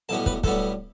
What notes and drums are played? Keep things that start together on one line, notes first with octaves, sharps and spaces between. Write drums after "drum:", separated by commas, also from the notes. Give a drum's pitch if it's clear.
B1 A2 G3 B3 A5
B4, drum: kick
B1 A2 G3 B3 A4, drum: kick